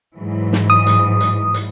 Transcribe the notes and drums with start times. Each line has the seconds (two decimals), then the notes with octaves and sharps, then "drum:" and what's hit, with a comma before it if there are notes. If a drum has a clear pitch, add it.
0.16 G#2 E3 F#3
0.53 drum: snare
0.70 D#6
0.87 drum: hi-hat
1.20 drum: hi-hat
1.54 drum: hi-hat